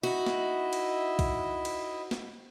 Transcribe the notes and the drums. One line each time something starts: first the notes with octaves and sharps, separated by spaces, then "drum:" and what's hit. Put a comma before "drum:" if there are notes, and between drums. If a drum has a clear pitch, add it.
D#4 E4 F#4 D#5 E5
drum: snare
drum: cymbal
drum: kick B1, cymbal
drum: cymbal
drum: snare